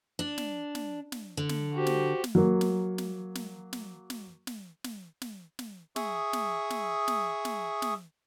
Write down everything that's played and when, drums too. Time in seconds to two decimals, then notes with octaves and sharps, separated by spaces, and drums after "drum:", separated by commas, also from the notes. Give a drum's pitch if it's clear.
0.19 D4
0.38 drum: snare
0.75 drum: snare
1.12 drum: snare
1.37 D3
1.49 drum: snare
1.74 F#4 G4 C5
1.86 drum: snare
2.24 drum: snare
2.35 F#3 A#3
2.61 drum: snare
2.98 drum: snare
3.35 drum: snare
3.73 drum: snare
4.10 drum: snare
4.47 drum: snare
4.84 drum: snare
5.22 drum: snare
5.59 drum: snare
5.96 G#4 E5 C#6 D#6, drum: snare
6.33 drum: snare
6.70 drum: snare
7.08 drum: snare
7.45 drum: snare
7.82 drum: snare